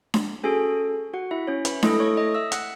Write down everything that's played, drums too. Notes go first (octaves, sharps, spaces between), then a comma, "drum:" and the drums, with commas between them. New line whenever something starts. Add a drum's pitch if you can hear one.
drum: snare D4
C#4 F#4 G#4 A4 G#5
F#4 F#5
E4 E5
C#4 C#5
B4 B5, drum: hi-hat
A3 E4 A4 D#5 D#6, drum: snare D4
C#5 C#6
D#5 D#6
E5 E6
F#5 F#6, drum: hi-hat